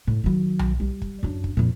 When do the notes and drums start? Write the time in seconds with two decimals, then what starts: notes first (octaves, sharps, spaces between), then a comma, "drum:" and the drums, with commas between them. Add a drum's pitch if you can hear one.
0.07 A2
0.24 D#3 F#3
0.59 drum: tom B1
0.80 G3
1.02 drum: kick
1.23 F#2 D4
1.44 drum: kick
1.57 F2 A#2